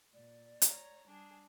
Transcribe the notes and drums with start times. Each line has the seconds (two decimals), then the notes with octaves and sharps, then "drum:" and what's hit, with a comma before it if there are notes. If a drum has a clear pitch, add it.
0.14 A#2 D5
0.62 C#5 A#5, drum: hi-hat
1.08 G3 D4 G#4